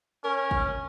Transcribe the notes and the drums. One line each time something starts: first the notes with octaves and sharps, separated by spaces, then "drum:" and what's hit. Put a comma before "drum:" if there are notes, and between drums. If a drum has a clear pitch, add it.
C#4 A#4
drum: kick